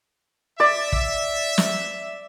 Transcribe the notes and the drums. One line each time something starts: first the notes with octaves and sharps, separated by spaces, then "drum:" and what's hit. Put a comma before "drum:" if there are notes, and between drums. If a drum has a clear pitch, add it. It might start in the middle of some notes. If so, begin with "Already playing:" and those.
D5 E5
drum: kick
drum: snare